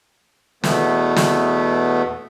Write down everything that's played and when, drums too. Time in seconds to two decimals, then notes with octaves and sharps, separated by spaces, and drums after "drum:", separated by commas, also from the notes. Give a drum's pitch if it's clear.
0.64 E2 B2 A3 B3, drum: snare
1.16 drum: snare